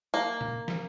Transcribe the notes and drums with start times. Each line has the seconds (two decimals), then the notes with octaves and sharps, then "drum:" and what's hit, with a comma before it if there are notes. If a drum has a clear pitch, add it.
0.14 A#3
0.41 drum: tom A#2
0.68 drum: snare